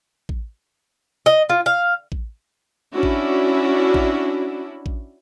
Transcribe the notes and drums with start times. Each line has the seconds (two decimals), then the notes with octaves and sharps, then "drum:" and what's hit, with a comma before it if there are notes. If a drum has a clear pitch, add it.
0.29 drum: kick A1
1.26 D#5
1.49 F4
1.66 F5
2.12 drum: kick A1
2.94 C#4 D4 E4 F#4
3.03 drum: kick A1
3.94 drum: kick A1
4.86 drum: kick A1